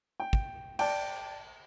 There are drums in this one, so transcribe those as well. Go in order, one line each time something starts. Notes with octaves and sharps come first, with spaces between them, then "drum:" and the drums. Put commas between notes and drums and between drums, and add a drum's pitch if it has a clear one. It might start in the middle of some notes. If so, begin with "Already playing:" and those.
G5
drum: kick
D5 G5 A5, drum: cymbal